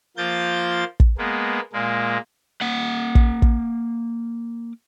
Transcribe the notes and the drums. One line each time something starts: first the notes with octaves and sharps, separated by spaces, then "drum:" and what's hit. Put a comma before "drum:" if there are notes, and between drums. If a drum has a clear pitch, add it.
F3 A#3 F4 G6 A6
drum: kick
G#3 A#3 B3
A#2 G#3 A#3
A#3 F#5
drum: kick
drum: kick